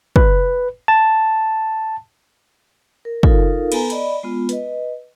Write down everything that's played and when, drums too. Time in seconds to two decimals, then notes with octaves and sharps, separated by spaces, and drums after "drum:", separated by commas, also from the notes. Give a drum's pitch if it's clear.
0.16 B4, drum: kick
0.88 A5
3.05 A#4
3.23 D#4 F4 A4 A#4 F5, drum: kick
3.72 B3 A4 B4 G#5 A#5, drum: cymbal
3.90 D5 D#5 B5, drum: hi-hat
4.23 G#3 B3 F4
4.49 B4 D#5, drum: hi-hat